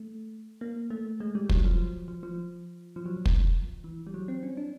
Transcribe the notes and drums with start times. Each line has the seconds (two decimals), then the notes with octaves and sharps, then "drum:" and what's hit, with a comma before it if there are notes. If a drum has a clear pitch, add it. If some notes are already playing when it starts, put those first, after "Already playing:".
Already playing: A3
0.61 A#3
0.90 A3
1.20 G#3
1.35 G3
1.49 F#3, drum: kick
1.65 F3
2.08 F3
2.23 F3
2.96 F3
3.06 F#3
3.16 F3
3.26 drum: kick
3.84 E3
4.07 G3
4.14 F#3
4.28 C4
4.43 C#4
4.57 D4